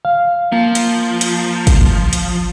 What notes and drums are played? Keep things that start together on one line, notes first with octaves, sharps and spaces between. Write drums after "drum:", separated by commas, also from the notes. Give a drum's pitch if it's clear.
F5
F3 A#3
drum: hi-hat
drum: hi-hat
drum: kick, hi-hat
drum: hi-hat